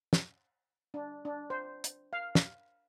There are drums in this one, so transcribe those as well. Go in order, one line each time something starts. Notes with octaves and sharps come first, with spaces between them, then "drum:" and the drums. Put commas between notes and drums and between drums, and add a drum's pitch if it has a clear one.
drum: snare
D4
D4
C5
drum: hi-hat
F5
drum: snare